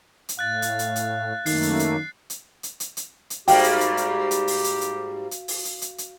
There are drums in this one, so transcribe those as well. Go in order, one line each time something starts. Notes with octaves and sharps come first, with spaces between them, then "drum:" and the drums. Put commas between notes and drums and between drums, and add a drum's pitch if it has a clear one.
drum: hi-hat
A2 F5 F#6 A6
drum: hi-hat
drum: hi-hat
drum: hi-hat
F#2 D#3 A3 A#3 F#6 A6 C7, drum: open hi-hat
drum: hi-hat
drum: hi-hat
drum: hi-hat
drum: hi-hat
drum: hi-hat
drum: hi-hat
drum: hi-hat
G#2 G3 A#3 F#4 G4 F5 G5, drum: open hi-hat
drum: hi-hat
drum: hi-hat
drum: hi-hat
drum: hi-hat
drum: open hi-hat
drum: hi-hat
drum: hi-hat
drum: hi-hat
drum: open hi-hat
drum: hi-hat
drum: hi-hat
drum: hi-hat